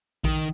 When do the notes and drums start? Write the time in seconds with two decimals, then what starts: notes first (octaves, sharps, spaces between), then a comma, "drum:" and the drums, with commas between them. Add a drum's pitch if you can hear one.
0.24 D#3, drum: kick A#1